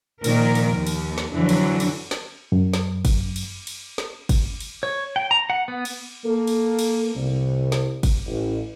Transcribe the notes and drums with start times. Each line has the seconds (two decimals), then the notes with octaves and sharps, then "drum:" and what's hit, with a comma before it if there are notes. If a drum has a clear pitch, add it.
0.24 A#2 D#3 F3 A#4, drum: cymbal
0.55 drum: cymbal
0.76 D#2
0.87 drum: cymbal
1.18 drum: snare
1.32 F2 D3 E3 F#3
1.49 drum: cymbal
1.80 drum: cymbal
2.11 drum: snare
2.52 F#2
2.74 drum: snare
3.05 drum: kick, cymbal
3.36 drum: cymbal
3.67 drum: cymbal
3.98 drum: snare
4.29 drum: kick, cymbal
4.60 drum: cymbal
4.83 C#5
5.16 G5
5.31 A#5
5.50 F#5
5.68 B3
5.85 drum: cymbal
6.24 A#3 A4
6.47 drum: cymbal
6.79 drum: cymbal
7.15 C2
7.72 drum: snare
8.03 drum: kick, cymbal
8.26 A1